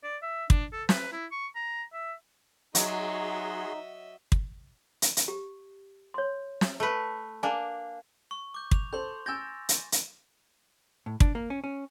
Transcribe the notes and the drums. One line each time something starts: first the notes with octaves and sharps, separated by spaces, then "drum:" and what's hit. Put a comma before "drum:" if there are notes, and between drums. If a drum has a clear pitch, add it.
D5
E5
D4, drum: kick
A4
B4, drum: snare
E4
C#6
A#5
E5
F#3 D#4 F#4 G#4 D#5 E5 C6, drum: hi-hat
drum: kick
drum: hi-hat
drum: hi-hat
G4
C#5 C6
drum: snare
A3 B4
A#3 D4 G#5 A5
C#6
D6 G6
D6 F7, drum: kick
A4 C5 C6 G6
G#5 E6 G6 A6 A#6
drum: hi-hat
drum: hi-hat
A2
D4, drum: kick
A#3
C#4
C#4